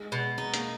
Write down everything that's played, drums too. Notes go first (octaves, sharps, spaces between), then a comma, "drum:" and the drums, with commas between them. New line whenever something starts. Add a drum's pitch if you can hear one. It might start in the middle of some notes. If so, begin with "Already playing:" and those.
Already playing: G#3
B2
G#3 D#4
A#3, drum: hi-hat